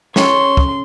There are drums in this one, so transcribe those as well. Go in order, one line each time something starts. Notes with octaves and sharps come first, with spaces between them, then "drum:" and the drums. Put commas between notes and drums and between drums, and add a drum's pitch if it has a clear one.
C#4 A4 C#5 C6, drum: snare
drum: kick